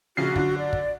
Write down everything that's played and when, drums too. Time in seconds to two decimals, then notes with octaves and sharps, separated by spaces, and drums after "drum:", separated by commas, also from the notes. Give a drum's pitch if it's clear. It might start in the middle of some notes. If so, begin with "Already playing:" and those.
0.17 A#1 C#3 F#4 C7
0.36 D3 F#3, drum: kick
0.58 D5
0.73 drum: kick